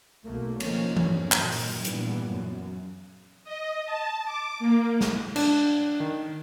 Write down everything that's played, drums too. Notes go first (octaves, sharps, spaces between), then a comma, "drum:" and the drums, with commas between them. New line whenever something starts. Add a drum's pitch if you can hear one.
B1 A3 A#3
D#3 F3 A#3 C#4, drum: cymbal
E2 G2 A#3 C#4, drum: tom E3
F#2 A#2 D#3 F#3, drum: clap
drum: open hi-hat
G2 A#2 E3 G3 B3, drum: hi-hat
F#2
D#5
A5
D6
A#3
drum: snare
D4, drum: cymbal
D#3